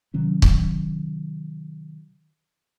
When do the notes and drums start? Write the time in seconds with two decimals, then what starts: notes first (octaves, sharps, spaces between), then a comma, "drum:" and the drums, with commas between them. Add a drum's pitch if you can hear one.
0.14 C3 D#3 F#3 C#4
0.42 drum: kick